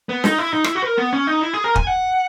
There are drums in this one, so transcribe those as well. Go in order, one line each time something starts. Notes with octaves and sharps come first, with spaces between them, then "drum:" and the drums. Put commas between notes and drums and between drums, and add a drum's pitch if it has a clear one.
B3
D#4, drum: snare
E4
D#4
E4, drum: rim click
F#4
B4
A#4
B3
C#4
D#4
E4
G#4
A#4
G#5, drum: kick
F#5